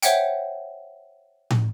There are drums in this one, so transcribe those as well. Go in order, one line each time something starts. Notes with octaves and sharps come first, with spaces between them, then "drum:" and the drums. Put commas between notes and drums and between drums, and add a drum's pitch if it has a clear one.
C5 C#5 E5 F#5 G5, drum: hi-hat
drum: tom A2